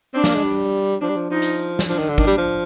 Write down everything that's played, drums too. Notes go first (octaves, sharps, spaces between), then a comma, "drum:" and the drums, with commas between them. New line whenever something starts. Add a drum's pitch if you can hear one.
C4 D4
A#3, drum: snare
G#3
G3
F3 D4
G3
F3
F3 D#4
drum: hi-hat
drum: snare
F3 D4
D#3
D3
D#3 D4, drum: kick G#1
G3
F3